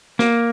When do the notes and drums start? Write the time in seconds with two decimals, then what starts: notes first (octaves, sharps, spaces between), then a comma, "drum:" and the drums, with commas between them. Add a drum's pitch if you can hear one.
0.19 A#3, drum: snare